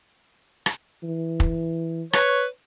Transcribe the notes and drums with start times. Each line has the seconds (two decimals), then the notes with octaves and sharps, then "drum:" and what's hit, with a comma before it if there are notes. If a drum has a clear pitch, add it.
0.66 drum: rim click
1.03 E3
1.40 drum: kick
2.13 B4 C#5, drum: rim click